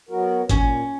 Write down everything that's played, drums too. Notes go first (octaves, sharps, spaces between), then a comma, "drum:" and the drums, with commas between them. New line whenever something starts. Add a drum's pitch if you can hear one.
F#3 B3 F#4 A#4
A#2 C#4, drum: kick G#1, hi-hat